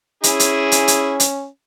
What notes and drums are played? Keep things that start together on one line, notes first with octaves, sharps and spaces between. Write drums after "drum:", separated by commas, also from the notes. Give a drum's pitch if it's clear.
C#4 E4 G#4, drum: hi-hat
drum: hi-hat
drum: hi-hat
drum: hi-hat
drum: hi-hat